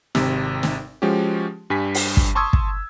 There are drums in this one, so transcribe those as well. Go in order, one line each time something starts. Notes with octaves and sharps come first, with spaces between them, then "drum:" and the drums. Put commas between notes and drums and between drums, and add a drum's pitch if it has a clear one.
G#1 C3, drum: snare
drum: snare
F3 G#3 C#4 F#4 G4
G2 G3 G#5 B6
drum: open hi-hat
drum: kick
A5 C6 C#6 D#6 E6 G#6
drum: kick